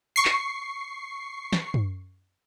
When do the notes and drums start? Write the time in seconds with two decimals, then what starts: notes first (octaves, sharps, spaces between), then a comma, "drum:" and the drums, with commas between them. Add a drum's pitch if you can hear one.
0.16 C#6 C7
0.25 drum: clap
1.53 drum: snare
1.74 drum: tom